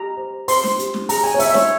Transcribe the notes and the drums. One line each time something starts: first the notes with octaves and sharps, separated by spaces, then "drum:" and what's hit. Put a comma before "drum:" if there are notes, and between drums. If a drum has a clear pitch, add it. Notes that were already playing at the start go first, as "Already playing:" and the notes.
Already playing: G4 A#5
C5
C5 C6, drum: open hi-hat
drum: snare
G4, drum: hi-hat
drum: snare
G#4 A#5, drum: open hi-hat
G#5
C#5
F4 E5, drum: open hi-hat
E5
C#5, drum: snare